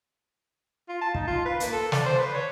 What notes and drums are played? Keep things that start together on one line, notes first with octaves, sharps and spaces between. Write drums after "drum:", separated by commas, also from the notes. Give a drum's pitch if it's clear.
F4
A5
D#4, drum: kick
F4
B4
A#3, drum: hi-hat
A4
D5, drum: snare
C5
B4
C#5